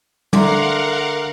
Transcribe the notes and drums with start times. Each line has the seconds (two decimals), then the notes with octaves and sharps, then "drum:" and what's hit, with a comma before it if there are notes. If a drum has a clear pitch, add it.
0.33 D3 A3 A#4 F5 F#5 A#5 C6 D6, drum: tom